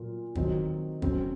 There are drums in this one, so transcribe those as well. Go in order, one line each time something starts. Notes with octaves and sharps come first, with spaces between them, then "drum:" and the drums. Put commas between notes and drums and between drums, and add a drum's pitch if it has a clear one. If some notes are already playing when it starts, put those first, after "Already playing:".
Already playing: A#2 F#3 A#3 F4
D#3 F#3 C4 D#4 F#4, drum: kick
C#3 F#3 C4, drum: kick